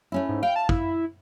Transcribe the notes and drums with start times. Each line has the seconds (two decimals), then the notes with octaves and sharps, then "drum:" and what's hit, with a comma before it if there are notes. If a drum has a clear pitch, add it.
0.12 A3 C#4 E4
0.29 G#2
0.43 F5 G5
0.56 A5
0.69 E4, drum: kick